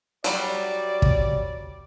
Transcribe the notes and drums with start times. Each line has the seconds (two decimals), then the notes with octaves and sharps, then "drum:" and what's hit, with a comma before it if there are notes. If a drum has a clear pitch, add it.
0.24 F#3 G3 D5, drum: hi-hat
1.02 drum: kick